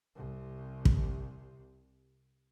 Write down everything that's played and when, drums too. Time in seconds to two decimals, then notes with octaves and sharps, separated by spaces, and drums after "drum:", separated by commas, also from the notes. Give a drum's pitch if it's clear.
0.16 C2 C3
0.85 drum: kick